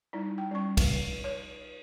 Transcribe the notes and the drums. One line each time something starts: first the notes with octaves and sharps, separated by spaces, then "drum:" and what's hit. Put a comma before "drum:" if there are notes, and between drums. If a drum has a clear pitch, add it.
G3 D#4 E4
G5
G3 C#4 C#6
drum: kick, cymbal
C#5